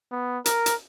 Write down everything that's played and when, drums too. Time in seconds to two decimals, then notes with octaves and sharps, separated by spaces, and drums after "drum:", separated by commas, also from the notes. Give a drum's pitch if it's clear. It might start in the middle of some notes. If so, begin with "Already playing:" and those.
0.12 B3
0.46 A#4, drum: hi-hat
0.66 drum: hi-hat